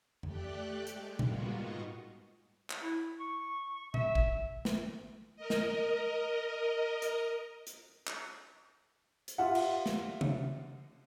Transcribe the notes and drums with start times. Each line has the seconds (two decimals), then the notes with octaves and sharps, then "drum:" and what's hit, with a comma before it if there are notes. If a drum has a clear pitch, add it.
0.23 A3 G4 D5 G5 F#6, drum: tom F2
0.87 G#3, drum: hi-hat
1.19 G3 G#3 A#3 B3 F4 F#4, drum: tom A#2
1.51 G#2 F4 D#5 C#6
2.70 drum: clap
2.82 E4
3.20 C#6
3.94 E5, drum: tom A#2
4.15 drum: kick A1
4.65 drum: snare
5.36 A#4 D#5
5.50 drum: snare
7.02 drum: hi-hat
7.67 drum: hi-hat
8.07 drum: clap
9.28 drum: hi-hat
9.38 F4 G4 E5 F#5
9.55 drum: cymbal
9.86 drum: snare
10.21 drum: tom C3